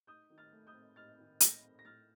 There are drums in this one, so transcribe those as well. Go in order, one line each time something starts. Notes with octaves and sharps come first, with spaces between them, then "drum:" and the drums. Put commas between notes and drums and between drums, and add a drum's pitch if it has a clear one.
D#4 D#6 G6
D#3
F6 A6
A3
D#6 G6
C4
D#4 F6 A6
D#3
A3 G6 A#6, drum: hi-hat
C4
A#6
A2 F6 A6